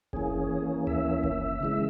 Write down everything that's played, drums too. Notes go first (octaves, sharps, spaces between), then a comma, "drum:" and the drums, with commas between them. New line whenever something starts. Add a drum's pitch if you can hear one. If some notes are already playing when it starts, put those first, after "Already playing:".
E3 A#3 C#4 G#4, drum: kick F#1
E5, drum: tom D2
drum: kick F#1
C#3 E3 G#3